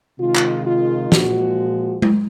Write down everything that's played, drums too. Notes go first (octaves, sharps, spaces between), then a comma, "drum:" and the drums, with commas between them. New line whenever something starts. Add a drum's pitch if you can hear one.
C3 D#3 G#3 F4
drum: clap
F4
A#2 F3 G#3 F#4, drum: snare
drum: tom G#3